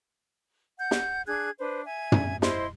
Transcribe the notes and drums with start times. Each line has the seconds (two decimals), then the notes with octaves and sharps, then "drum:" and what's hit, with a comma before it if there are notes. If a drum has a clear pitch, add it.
0.78 F#5 G6
0.91 drum: snare
1.26 D4 G#4 F#6 G#6
1.58 D4 B4 C5
1.84 E5 G#5
2.12 drum: tom
2.42 E4 C5 D#5 C6, drum: snare